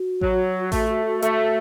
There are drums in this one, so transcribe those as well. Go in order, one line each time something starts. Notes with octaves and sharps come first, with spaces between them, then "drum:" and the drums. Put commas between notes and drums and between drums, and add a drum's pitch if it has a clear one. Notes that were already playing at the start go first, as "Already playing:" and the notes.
Already playing: F#4
F#3, drum: kick A1
A3 F#4, drum: kick A1, open hi-hat
F#4
F#4
A3, drum: hi-hat